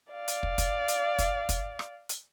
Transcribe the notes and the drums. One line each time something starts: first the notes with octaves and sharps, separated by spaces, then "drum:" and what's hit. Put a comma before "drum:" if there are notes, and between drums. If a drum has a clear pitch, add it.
D5 F5
drum: hi-hat
drum: kick
drum: kick, hi-hat
drum: hi-hat
drum: kick, hi-hat
drum: kick, hi-hat
drum: rim click
drum: hi-hat